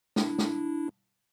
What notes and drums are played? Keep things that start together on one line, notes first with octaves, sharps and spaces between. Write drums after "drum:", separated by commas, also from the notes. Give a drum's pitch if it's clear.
D4 E4, drum: snare
drum: snare